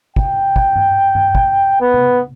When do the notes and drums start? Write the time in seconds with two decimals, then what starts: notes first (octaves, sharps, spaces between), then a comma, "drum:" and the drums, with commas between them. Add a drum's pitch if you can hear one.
0.16 G5, drum: kick
0.56 drum: kick
0.76 drum: tom G2
1.15 drum: tom G2
1.35 drum: kick
1.81 B3
1.94 drum: tom C3